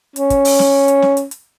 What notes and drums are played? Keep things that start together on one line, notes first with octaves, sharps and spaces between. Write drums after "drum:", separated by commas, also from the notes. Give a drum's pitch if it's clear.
C#4, drum: hi-hat
drum: kick, hi-hat
drum: open hi-hat
drum: snare
drum: hi-hat
drum: snare
drum: hi-hat
drum: hi-hat